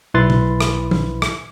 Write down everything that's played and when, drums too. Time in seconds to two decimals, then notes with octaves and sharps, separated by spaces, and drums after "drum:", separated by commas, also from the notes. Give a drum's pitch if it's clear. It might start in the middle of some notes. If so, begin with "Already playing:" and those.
0.14 B1 E4 B4 C6 A6
0.30 drum: tom C3
0.61 drum: rim click
0.91 drum: tom F3
1.22 drum: rim click